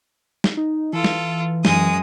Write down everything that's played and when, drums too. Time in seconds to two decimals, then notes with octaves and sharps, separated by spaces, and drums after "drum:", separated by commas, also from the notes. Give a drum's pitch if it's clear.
0.44 drum: snare
0.57 D#4
0.93 E3 F4 A4
1.04 drum: snare
1.65 F#2 G#3 D#6, drum: snare